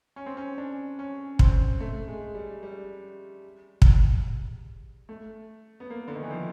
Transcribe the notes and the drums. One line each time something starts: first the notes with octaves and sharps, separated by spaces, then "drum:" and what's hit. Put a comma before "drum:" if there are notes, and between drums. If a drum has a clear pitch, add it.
C#4
C4
C#4
D4
C#4
C4, drum: kick
A3
G#3
G3
G3
drum: kick
A3
B3
A#3
D3
D#3
E3
F3